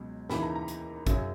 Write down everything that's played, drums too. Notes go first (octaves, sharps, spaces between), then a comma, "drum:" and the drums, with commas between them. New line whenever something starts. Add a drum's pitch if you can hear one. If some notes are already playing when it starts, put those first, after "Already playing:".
Already playing: C#2 B2 F#3
D#2 C#3 E3 B5, drum: snare
A#5
A#5
drum: hi-hat
F#2 C#3 F#3, drum: kick, hi-hat